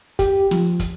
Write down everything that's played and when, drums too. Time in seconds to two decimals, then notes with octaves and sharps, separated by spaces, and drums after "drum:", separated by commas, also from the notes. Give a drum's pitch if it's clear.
0.19 G4, drum: kick, hi-hat
0.51 F3, drum: snare
0.79 drum: kick, hi-hat